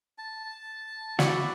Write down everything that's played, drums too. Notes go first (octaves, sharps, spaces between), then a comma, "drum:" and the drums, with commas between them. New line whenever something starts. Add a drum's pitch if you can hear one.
A5
E4 F#4 D5 E5, drum: snare